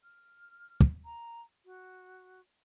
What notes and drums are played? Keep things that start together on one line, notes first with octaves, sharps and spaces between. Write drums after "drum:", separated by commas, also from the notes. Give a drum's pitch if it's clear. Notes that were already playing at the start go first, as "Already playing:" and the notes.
F6
drum: kick
A#5
F#4